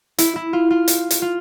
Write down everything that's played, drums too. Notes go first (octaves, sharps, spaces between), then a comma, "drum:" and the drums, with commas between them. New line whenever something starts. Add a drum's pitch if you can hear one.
E4, drum: hi-hat
E4
F4
F4
drum: hi-hat
drum: hi-hat
F4